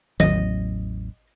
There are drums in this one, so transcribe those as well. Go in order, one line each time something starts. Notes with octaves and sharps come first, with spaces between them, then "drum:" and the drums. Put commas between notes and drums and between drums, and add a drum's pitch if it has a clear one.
A1 E2 F#3 D#5, drum: tom D#3